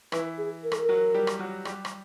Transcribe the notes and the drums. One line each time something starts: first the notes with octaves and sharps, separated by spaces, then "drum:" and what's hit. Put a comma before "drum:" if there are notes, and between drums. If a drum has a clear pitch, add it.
E3 E4 B4, drum: rim click
G#4
A#4
A4, drum: rim click
A#4
F#3 F#4
G3 G4
drum: rim click
F#3 F#4
G3 G4, drum: rim click
drum: rim click